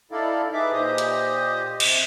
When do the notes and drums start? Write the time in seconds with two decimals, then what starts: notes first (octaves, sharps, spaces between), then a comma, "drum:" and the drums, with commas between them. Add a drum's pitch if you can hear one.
0.11 D#4 E4 A4 D5 F5
0.53 D#4 G#4 B4 E5 D6
0.72 A#2 G4 C5 D#5 D#6
0.98 drum: hi-hat
1.80 C3, drum: cymbal